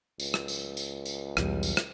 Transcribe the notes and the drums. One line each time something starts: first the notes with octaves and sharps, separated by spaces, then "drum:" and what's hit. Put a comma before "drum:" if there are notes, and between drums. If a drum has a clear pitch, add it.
C#2, drum: tambourine
drum: rim click
drum: tambourine
drum: tambourine
drum: tambourine
B1 E2 G3, drum: rim click
drum: tambourine
drum: rim click